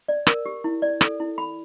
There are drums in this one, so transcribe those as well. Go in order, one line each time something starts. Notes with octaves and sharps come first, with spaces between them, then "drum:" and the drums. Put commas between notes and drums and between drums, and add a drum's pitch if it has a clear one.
D5
A#4, drum: rim click
G4
E4
D5
A4, drum: rim click
E4
B5